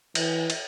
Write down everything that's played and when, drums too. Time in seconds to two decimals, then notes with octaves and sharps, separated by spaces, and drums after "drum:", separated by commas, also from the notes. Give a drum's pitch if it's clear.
0.15 E3, drum: cymbal
0.50 drum: cymbal